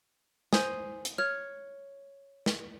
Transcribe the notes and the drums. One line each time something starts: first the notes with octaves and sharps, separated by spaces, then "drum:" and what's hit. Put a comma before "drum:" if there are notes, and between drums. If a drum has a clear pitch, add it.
C5 G#5 D#6, drum: snare
drum: hi-hat
C#5 F6
drum: snare